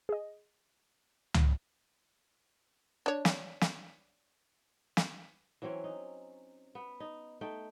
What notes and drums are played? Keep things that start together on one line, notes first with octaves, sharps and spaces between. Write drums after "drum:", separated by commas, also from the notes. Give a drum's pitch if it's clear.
G#4 D#5
drum: tom C#2
D4 C#5
drum: snare
drum: snare
drum: snare
E3 F#3 C4 C#4
D#4
B3
D#4
A3 D#4 G5